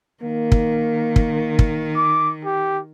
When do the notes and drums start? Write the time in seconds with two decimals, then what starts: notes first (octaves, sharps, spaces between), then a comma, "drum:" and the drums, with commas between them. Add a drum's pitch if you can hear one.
0.23 D#3 A#3
0.52 drum: kick
1.16 drum: kick
1.59 drum: kick
1.96 D6
2.44 G4